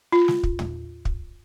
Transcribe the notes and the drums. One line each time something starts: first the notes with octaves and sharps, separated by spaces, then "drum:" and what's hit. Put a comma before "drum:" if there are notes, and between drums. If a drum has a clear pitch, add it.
F4
drum: snare
drum: kick
drum: tom
drum: kick